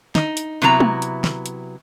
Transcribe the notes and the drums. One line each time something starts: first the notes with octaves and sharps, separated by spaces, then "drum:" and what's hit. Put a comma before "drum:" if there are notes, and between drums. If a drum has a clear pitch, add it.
D#4, drum: snare
drum: hi-hat
C3 F#3 B3 E4 B4 A#5
drum: tom
drum: hi-hat
drum: snare
drum: hi-hat